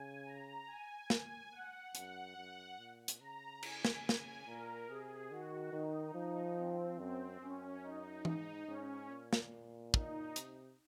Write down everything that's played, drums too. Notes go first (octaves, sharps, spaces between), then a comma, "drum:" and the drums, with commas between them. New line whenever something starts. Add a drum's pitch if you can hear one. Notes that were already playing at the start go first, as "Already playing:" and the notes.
Already playing: C#3 G#5
A#5
G#5
G#5, drum: snare
F#5
F#2 F#5, drum: hi-hat
F#2
A#2
drum: hi-hat
C#3 A#5
G#5, drum: cymbal
drum: snare
drum: snare
A#2 A#4
C3 G#4
D#3 F#4
D#3 D#4
F3
C4
F#2 C4
F#2 C#4
D#4
G#2, drum: tom
G#2 C#4
A#2
drum: snare
D#4, drum: kick
C3, drum: hi-hat